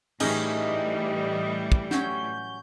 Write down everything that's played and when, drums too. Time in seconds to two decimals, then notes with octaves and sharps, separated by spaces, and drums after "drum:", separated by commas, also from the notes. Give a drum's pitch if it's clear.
0.20 A2 E3 G3 C#4 D#4 G#4 D#5, drum: cymbal
1.72 drum: kick
1.91 F#3 C#4 G6, drum: snare